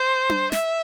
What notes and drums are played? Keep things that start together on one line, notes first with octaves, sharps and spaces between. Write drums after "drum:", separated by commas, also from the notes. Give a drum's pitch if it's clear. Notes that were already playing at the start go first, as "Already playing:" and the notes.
Already playing: C5
drum: tom D4
E5, drum: snare